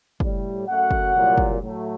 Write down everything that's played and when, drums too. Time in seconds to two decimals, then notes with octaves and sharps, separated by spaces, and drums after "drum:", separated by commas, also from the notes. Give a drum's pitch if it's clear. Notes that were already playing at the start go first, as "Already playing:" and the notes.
0.20 A2 G3, drum: kick
0.67 F#2 F#3 A3 F#4 F#5
0.91 drum: kick
1.14 C2 A#2 F#3
1.38 drum: kick
1.60 A2 F#3 A3